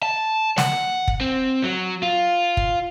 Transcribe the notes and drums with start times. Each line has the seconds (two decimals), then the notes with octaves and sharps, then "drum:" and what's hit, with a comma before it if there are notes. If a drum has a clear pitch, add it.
0.03 A5
0.58 F#5, drum: snare
1.08 drum: kick
1.21 C4
1.63 F#3
2.03 F4
2.57 drum: kick